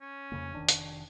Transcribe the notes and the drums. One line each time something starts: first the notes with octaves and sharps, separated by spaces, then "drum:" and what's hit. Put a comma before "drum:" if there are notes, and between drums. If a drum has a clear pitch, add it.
C#4
F2 C#3 A#3
F1 D#3 D4
drum: hi-hat